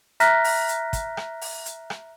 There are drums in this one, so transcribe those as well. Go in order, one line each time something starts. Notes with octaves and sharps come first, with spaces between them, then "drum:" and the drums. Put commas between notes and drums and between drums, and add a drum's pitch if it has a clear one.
E5 A#5 F6 F#6 A#6 B6, drum: hi-hat
drum: open hi-hat
drum: hi-hat
drum: kick, hi-hat
drum: rim click
drum: open hi-hat
drum: hi-hat
drum: rim click